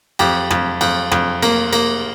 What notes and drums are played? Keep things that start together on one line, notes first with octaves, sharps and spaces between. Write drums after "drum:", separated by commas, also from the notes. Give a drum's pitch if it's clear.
F2 G4, drum: cymbal
F2, drum: rim click
F2, drum: cymbal
F2, drum: rim click
A#3, drum: cymbal
A#3, drum: cymbal